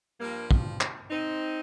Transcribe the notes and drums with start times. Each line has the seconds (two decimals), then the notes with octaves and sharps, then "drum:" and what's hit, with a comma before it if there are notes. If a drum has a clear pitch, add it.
0.20 G2 F3 G3 A#3
0.51 drum: kick
0.81 drum: clap
1.11 C4 D#4